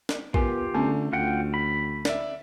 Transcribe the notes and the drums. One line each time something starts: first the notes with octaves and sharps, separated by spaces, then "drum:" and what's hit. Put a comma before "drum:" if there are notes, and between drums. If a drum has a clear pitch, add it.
drum: snare
B3 F4 G4 A#4 G#5, drum: kick A1
D3 A3 B3 C#4
D2 F4 F#5 G5
B5
D5 E5, drum: snare